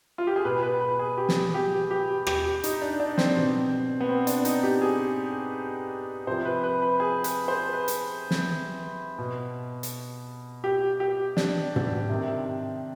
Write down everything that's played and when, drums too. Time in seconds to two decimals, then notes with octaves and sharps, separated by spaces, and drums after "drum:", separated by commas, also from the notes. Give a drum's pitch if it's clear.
0.18 F4
0.27 G4
0.36 G#4
0.45 B2 B4
0.63 B4
0.81 B4
0.99 G#4
1.18 G4
1.29 drum: snare
1.54 G4
1.91 G4
2.27 G4, drum: rim click
2.64 D#4, drum: hi-hat
2.82 D4
3.00 D4
3.18 C4, drum: snare
3.36 B2
4.00 B3
4.09 C4
4.27 D4, drum: hi-hat
4.45 D#4, drum: hi-hat
4.63 G4
4.82 G#4
6.27 C3 F3 C5
6.45 B4
6.64 B4
6.82 B4
7.00 G#4
7.24 B4, drum: hi-hat
7.48 C5
7.73 B4
7.88 drum: hi-hat
8.31 drum: snare
9.18 B2
9.83 drum: hi-hat
10.64 G4
11.00 G4
11.37 D4, drum: snare
11.76 drum: tom
12.09 C3 D#3